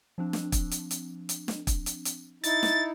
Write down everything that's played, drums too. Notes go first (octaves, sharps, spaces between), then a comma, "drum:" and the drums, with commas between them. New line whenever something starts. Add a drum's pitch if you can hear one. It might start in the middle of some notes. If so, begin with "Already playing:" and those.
F3 C4 D4
drum: snare
drum: kick, hi-hat
drum: hi-hat
drum: hi-hat
drum: hi-hat
drum: snare
drum: kick, hi-hat
drum: hi-hat
drum: hi-hat
D#4 E4 A6, drum: hi-hat
drum: snare